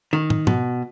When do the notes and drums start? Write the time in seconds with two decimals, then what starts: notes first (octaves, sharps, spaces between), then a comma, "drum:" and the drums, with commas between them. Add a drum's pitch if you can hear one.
0.13 D#3
0.30 drum: tom
0.47 B2, drum: tom